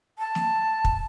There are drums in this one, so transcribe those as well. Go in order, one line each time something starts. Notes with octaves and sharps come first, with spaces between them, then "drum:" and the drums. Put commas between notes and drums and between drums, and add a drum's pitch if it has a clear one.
A5
drum: snare
drum: kick